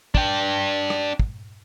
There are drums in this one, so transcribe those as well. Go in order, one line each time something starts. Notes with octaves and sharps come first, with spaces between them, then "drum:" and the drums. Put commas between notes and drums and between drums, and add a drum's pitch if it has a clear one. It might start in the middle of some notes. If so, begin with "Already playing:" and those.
D4 G5, drum: kick
drum: rim click
drum: kick